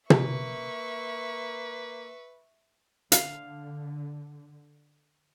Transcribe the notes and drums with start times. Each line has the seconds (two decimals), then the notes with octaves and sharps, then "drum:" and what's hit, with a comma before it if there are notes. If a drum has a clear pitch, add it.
0.10 A#3 B4 E5 C#6, drum: tom
3.12 D3 F5, drum: hi-hat